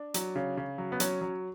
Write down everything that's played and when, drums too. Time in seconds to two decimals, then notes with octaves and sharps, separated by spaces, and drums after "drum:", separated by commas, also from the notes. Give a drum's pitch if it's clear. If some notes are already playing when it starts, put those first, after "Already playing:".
Already playing: D4
0.14 F#3, drum: hi-hat
0.36 C#3
0.57 C#3
0.78 F#3
0.92 B3
1.00 F#3 C#4, drum: hi-hat
1.21 F#3